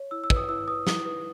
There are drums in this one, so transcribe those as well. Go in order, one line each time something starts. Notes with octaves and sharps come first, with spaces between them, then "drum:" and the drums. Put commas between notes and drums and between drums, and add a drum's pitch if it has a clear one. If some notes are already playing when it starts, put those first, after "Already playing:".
Already playing: C#5
E4 E6
E6
B4, drum: kick
D#6
E4 E6
B4 D#6
E4 D#6, drum: snare
B4 D#6